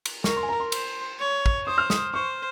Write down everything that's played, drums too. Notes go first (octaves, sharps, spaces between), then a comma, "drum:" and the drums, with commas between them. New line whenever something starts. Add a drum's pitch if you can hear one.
drum: cymbal
A#4 C#6, drum: snare
C6
G#5
A#5
C6
C5, drum: cymbal
C#5
drum: kick
C5 D#6
F6
D#6, drum: snare
C5 C#6